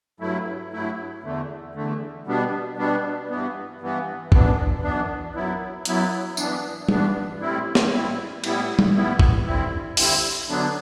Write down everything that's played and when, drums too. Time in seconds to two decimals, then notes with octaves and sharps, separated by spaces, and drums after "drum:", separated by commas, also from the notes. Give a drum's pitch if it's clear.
0.20 G2 F#3 A3 E4
0.72 G2 F#3 A3 E4
1.23 E2 D3 A3
1.75 E2 D3 A3
2.27 B2 G3 B3 D4
2.77 B2 G3 B3 D4
3.30 G2 E3 B3
3.81 G2 E3 B3
4.32 F#2 E3 B3 D4, drum: kick A#1
4.83 F#2 E3 B3 D4
5.35 F#2 F#3 B3 E4
5.85 F#2 F#3 B3 E4, drum: hi-hat
6.37 G2 E3 B3 D4, drum: tambourine
6.89 G2 E3 B3 D4, drum: tom G3
7.41 A2 G3 C4 E4
7.75 drum: snare
7.91 A2 G3 C4 E4
8.44 A2 G3 B3 E4, drum: cymbal
8.79 drum: tom G3
8.94 A2 G3 B3 E4
9.19 drum: kick A#1
9.46 D3 G3 C4 E4
9.97 D3 G3 C4 E4, drum: open hi-hat
10.48 D3 F#3 B3 D4